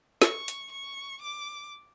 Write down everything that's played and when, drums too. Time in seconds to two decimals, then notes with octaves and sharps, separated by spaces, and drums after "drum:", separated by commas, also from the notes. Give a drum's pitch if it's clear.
0.22 C#6, drum: snare
0.48 drum: hi-hat
0.71 C#6
1.22 D6